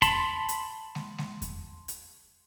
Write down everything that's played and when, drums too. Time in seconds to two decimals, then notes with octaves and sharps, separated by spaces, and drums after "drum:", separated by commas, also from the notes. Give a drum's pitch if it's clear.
0.02 A5 B5 C6, drum: kick E2, hi-hat
0.49 drum: hi-hat
0.95 drum: snare G#3
1.18 drum: snare G#3
1.42 drum: kick E2, hi-hat
1.88 drum: hi-hat